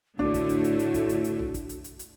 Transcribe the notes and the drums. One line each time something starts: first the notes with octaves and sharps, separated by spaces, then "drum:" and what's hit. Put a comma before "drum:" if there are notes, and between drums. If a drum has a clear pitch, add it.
A2 D3 A3 D4 F#4, drum: tom A1
drum: kick, hi-hat
drum: hi-hat
drum: hi-hat
drum: hi-hat
drum: kick, hi-hat
drum: hi-hat
drum: hi-hat
drum: tom A1
drum: kick, hi-hat
drum: hi-hat
drum: hi-hat
drum: hi-hat